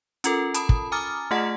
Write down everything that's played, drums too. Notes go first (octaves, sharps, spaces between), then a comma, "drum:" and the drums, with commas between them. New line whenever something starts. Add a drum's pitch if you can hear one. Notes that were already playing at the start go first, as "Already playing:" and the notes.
C#4 F4 A4 A#4, drum: hi-hat
A5 B5 D#6, drum: hi-hat
drum: kick
G#5 A#5 D6 D#6 F6 A6
A3 F4 G#4 D#5 F#5 A5